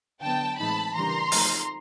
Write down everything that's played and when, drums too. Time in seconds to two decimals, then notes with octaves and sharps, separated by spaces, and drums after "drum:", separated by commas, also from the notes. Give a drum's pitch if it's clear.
0.22 D3 F#3 B3 G5 A5
0.58 A2 E3 G#3 C4 D#4 A5 B5
0.95 C#3 E3 G3 A#3 D4 A#5 C6
1.32 F3 A3 C4 D#4, drum: open hi-hat